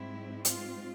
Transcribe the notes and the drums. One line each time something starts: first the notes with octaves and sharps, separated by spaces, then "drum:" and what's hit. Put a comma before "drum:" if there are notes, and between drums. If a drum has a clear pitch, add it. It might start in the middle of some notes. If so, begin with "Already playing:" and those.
Already playing: G#2 G3 C4 E4
F4, drum: hi-hat